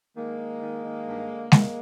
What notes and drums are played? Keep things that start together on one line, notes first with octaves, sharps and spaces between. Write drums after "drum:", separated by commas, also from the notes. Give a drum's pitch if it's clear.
D#3 G#3 A#3
D#3
D#3
D#3
G2
D3
G2 G#3 A#3, drum: snare G#3